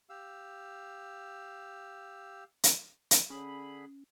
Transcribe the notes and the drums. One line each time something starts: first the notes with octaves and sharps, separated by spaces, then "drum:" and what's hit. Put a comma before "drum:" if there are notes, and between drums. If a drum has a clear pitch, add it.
G4 F5 E6
drum: hi-hat
drum: hi-hat
D3 C#4 G#4 B5